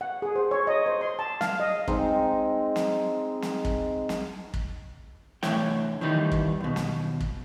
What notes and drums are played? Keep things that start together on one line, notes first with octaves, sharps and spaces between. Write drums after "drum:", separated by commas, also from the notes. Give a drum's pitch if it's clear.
F#5
G#4
C5
C#5
D#5
C5
C6
A5
F5, drum: snare
D#5
G#3 C4 D#4, drum: kick
drum: snare
drum: snare
drum: kick
drum: snare
drum: kick
D2 E3 A3 E4 C#5 G5, drum: snare
D#3 E3 G3 D#4
drum: kick
D#2 B2
drum: snare
drum: kick